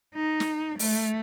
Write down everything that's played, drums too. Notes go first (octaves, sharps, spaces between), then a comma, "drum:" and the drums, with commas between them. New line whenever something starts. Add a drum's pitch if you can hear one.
D#4
drum: snare
A3, drum: open hi-hat